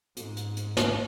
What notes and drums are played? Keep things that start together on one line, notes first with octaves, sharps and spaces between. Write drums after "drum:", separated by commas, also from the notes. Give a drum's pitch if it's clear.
G#2, drum: hi-hat
drum: hi-hat
drum: hi-hat
drum: snare